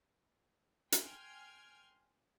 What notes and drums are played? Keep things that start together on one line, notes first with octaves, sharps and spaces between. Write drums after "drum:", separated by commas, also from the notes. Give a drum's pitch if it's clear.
G5 G#5 C6 F6 G#6, drum: hi-hat